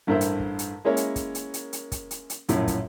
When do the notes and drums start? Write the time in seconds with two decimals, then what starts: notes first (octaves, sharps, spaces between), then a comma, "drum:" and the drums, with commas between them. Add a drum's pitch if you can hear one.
0.07 A1 G2 E4 A#4 C5 E5
0.21 drum: hi-hat
0.40 drum: kick
0.59 drum: hi-hat
0.85 G#3 A#3 C#4 E4 A#4 C#5
0.97 drum: hi-hat
1.16 drum: kick, hi-hat
1.35 drum: hi-hat
1.54 drum: hi-hat
1.73 drum: hi-hat
1.92 drum: kick, hi-hat
2.11 drum: hi-hat
2.30 drum: hi-hat
2.49 A#1 F#2 A2, drum: hi-hat
2.68 drum: kick, hi-hat